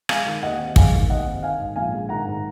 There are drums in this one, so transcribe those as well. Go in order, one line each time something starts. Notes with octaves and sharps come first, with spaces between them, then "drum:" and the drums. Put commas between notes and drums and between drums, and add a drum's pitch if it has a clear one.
G#3 F5 G#5, drum: rim click
D#3
D#2 D#5 F#5
C4
G#3 F5 G#5, drum: kick
D#3
D#2 D#5 F#5
C4
D#3 F5 G#5
G#2
A#1 F5 G#5
G#3
D#3 F#5 A#5
G#2